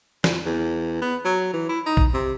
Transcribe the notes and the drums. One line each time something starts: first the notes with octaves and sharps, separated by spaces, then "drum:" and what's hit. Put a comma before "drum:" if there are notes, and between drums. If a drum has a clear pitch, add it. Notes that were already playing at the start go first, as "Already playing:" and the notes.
F2, drum: snare
E2
B3
F#3
E3
E4
D#4
drum: kick A#1
C3